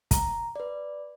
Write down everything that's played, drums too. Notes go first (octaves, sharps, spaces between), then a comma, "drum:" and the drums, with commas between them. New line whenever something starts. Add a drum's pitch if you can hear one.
A#5, drum: kick, hi-hat
B4 D5